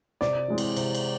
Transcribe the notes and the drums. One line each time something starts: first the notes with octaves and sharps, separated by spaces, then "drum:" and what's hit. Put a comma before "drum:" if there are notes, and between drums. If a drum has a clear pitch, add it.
C3 D5, drum: snare
E3 G#3 C4
drum: cymbal
C3, drum: cymbal
drum: cymbal